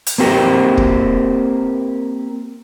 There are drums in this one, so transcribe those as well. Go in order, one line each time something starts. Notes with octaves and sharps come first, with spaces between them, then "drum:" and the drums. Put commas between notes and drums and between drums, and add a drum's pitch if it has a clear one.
drum: hi-hat
A#3 C4 G4 A#4
drum: kick